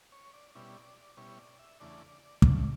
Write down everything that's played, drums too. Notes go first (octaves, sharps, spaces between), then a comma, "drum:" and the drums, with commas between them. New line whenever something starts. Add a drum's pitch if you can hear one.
C#5
D5
B2 G3 C#4 E4 D5
B2 G3 C#4 E4 C#5
C#5
D5
E5
E2 C#3 E3 A3 D4 D5
E2 C#3 E3 A3 D4, drum: kick